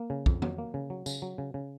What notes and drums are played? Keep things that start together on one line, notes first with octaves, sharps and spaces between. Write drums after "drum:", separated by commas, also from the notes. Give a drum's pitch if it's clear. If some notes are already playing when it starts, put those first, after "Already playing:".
Already playing: A#3
C#3
F2, drum: kick
F#3, drum: tom
A#3
C#3
F#3
C#3, drum: tambourine
F#3
C#3
C#3